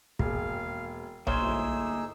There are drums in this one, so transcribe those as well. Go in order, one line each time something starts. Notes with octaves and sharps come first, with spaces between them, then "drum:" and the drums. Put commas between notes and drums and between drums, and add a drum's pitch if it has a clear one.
E1 D#2 G#4 F5, drum: kick
A#3 D#4 G#4 C5 C#5 E6 F6 G#6, drum: tom B1
G1 D2 E4